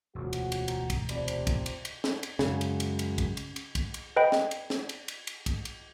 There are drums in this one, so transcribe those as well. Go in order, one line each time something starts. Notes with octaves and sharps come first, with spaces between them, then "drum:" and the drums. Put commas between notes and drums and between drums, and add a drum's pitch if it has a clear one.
E1 D2 F3 C#4 F#4
drum: cymbal
drum: cymbal
D#3 A#5, drum: cymbal
drum: kick, cymbal
C3 F3 B4 D5, drum: cymbal
drum: cymbal
drum: kick, cymbal
drum: cymbal
drum: cymbal
drum: snare
drum: cymbal
F#2 C#3 G#3, drum: snare
drum: cymbal
drum: cymbal
drum: cymbal
drum: kick, cymbal
drum: cymbal
drum: cymbal
drum: kick, cymbal
drum: cymbal
B4 D#5 G5 B5
drum: snare
drum: cymbal
drum: snare
drum: cymbal
drum: cymbal
drum: cymbal
drum: kick, cymbal
drum: cymbal